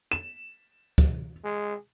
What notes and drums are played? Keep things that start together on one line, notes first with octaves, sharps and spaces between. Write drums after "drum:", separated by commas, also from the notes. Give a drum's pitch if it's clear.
E7
drum: kick
G#3